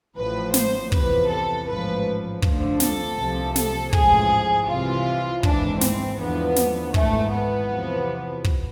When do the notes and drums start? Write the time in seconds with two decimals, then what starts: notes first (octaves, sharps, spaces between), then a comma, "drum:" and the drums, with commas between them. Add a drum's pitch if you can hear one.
0.16 A1 A2 F3 B4
0.54 C5, drum: snare
0.92 E2 C3 F3 B4, drum: kick
1.30 A4
1.67 A1 G#2 F3 B4
2.42 D2 D3 F3, drum: kick
2.80 A4, drum: snare
3.17 C2 C3 F3
3.56 A4, drum: snare
3.93 A1 G#2 F3 G#4, drum: kick
4.68 C2 C3 E3 F4
5.43 G#1 G#2 E3 D4, drum: kick
5.81 C4, drum: snare
6.18 E2 D3 F3 B3
6.56 drum: snare
6.94 G#1 G#2 E3 A3, drum: kick
7.32 B3
7.69 E2 C3 F3
8.44 drum: kick